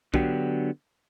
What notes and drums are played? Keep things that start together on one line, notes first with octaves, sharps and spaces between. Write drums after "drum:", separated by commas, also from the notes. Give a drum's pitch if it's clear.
D3 F#3 B3 D4 F#4 G4, drum: kick B1